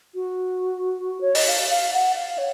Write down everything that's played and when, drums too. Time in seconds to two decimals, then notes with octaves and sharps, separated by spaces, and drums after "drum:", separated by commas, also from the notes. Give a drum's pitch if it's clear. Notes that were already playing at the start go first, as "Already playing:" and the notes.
0.15 F#4
1.21 C#5
1.35 D#5, drum: open hi-hat
1.49 F5
1.70 F5
1.93 F#5
2.15 F5
2.38 C#5